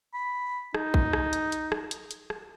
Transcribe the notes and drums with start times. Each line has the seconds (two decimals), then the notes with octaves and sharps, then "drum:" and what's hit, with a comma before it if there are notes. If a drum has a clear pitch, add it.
0.14 B5
0.74 D#4, drum: rim click
0.94 drum: kick
1.13 drum: rim click
1.33 drum: hi-hat
1.52 drum: hi-hat
1.72 drum: rim click
1.91 drum: hi-hat
2.11 drum: hi-hat
2.30 drum: rim click